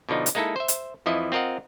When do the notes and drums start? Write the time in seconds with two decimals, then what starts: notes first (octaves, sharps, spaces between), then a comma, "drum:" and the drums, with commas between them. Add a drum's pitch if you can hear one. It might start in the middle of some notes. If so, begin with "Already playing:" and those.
0.09 B2 D3 F3 D#4
0.26 drum: hi-hat
0.35 G#3 A#3 D#4 E4 A4
0.56 C5 E5
0.68 drum: hi-hat
1.06 F2 E3 F3 E4 D#5
1.32 C4 F4 A#4 D#5 F#5